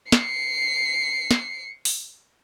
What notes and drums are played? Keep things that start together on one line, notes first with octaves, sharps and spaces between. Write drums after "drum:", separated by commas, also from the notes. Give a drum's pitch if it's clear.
C7 C#7, drum: snare
drum: snare
drum: open hi-hat